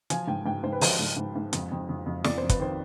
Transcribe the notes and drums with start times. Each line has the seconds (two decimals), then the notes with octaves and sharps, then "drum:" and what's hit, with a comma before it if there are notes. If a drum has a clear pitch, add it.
0.10 F3 G#5, drum: hi-hat
0.27 G#2 G5
0.46 G#2 G5
0.63 G#2 C5
0.72 B4
0.81 F3 C5, drum: open hi-hat
0.99 G#2
1.17 G#2
1.36 G#2
1.53 F2, drum: hi-hat
1.72 F2
1.89 F2
2.06 F2
2.24 F2 D5, drum: snare
2.38 F2 C5
2.49 B4, drum: kick, hi-hat
2.60 D#3 C5